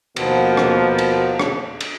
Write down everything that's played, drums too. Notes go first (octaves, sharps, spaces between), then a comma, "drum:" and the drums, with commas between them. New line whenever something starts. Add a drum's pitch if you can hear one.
D#2 B2 F3 A#3 B3, drum: cymbal
drum: rim click
drum: cymbal
drum: rim click
drum: cymbal